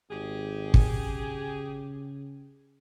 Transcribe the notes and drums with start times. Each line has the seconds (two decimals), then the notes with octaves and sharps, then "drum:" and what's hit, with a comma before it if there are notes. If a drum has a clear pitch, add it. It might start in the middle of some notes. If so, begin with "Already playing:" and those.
0.11 G#1 G4 G#4
0.74 drum: kick
0.95 C#3